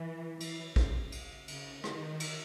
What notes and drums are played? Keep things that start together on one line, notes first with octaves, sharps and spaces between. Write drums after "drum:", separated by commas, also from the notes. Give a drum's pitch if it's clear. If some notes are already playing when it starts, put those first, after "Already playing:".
Already playing: E3
E3, drum: cymbal
C#3, drum: kick
drum: cymbal
C#3, drum: cymbal
D#3, drum: rim click
drum: cymbal